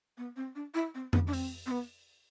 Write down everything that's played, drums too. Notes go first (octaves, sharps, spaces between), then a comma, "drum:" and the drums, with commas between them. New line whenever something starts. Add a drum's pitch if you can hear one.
B3
C4
D4
E4
C4
B3, drum: tom F2
D4
C4, drum: open hi-hat
C4
B3